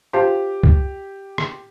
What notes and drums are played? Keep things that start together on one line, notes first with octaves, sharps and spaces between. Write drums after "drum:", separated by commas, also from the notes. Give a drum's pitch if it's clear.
F4 G4 C5 F5 A5
drum: kick C2
drum: rim click